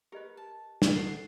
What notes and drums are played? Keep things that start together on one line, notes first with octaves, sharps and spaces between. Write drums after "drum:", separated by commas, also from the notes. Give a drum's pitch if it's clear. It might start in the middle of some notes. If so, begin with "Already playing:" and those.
G4 A#4 B4 D#5
A5
drum: snare
A4 B4 F#5 C7